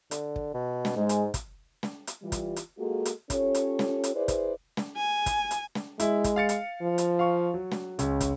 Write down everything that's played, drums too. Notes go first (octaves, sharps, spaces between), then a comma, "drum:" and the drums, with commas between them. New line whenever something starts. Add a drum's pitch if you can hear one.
D3, drum: hi-hat
drum: kick
B2
drum: snare
G#2 G#3
drum: hi-hat
drum: kick, hi-hat
drum: snare
drum: hi-hat
E3 G3 F4
drum: kick, hi-hat
drum: hi-hat
G#3 A#3 F4 F#4 G#4 A4
drum: hi-hat
C#4 F4 G4 A4 C#5, drum: kick, hi-hat
drum: hi-hat
drum: snare
drum: hi-hat
E4 G#4 B4 C5 D5
drum: kick, hi-hat
drum: snare
G#5
drum: kick, hi-hat
drum: hi-hat
drum: snare
G#3 E4, drum: hi-hat
drum: kick, hi-hat
F5 A6 C#7
drum: hi-hat
F3
drum: hi-hat
F5 C#6
F#3
drum: snare
C#2 C#3, drum: hi-hat
drum: kick, hi-hat